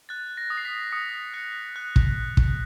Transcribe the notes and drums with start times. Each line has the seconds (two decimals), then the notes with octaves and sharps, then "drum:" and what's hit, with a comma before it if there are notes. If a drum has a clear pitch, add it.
0.09 F#6 A6
0.37 A#6
0.50 D#6
0.57 C7
0.65 B6
0.92 D#6 C#7
1.34 F#6 C#7
1.76 F#6
1.96 drum: kick
2.37 drum: kick